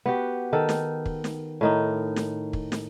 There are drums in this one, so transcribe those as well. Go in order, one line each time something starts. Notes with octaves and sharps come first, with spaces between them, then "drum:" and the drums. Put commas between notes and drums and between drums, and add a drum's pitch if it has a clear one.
B3 F#4 G4
D#3 A4
drum: snare
drum: kick
drum: snare
A2 D#3 D#4
drum: snare
drum: kick
drum: snare